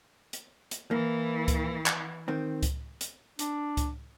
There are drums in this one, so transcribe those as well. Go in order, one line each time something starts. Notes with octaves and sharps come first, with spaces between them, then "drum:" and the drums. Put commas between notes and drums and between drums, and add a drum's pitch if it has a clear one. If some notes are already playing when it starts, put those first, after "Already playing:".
drum: hi-hat
drum: hi-hat
E3 A#3
drum: kick C#2, hi-hat
drum: clap
D#3 C4
drum: kick C#2, hi-hat
drum: hi-hat
D4, drum: hi-hat
drum: kick C#2, hi-hat